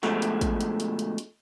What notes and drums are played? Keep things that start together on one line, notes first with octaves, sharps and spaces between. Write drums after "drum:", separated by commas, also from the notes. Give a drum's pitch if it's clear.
B2 D3 F3 G#3 A3 F#4, drum: snare
drum: hi-hat
drum: kick, hi-hat
drum: hi-hat
drum: hi-hat
drum: hi-hat
drum: hi-hat